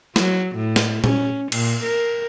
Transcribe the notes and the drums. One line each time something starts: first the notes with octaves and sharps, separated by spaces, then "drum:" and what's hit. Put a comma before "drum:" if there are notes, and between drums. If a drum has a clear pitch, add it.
F#3, drum: snare
A2
drum: snare
C#4, drum: tom A#2
A#2, drum: cymbal
A#4